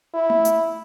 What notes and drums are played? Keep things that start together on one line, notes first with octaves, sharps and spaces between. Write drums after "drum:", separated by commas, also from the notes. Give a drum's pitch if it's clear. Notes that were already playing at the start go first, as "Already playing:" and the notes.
E4
drum: tom A3
drum: hi-hat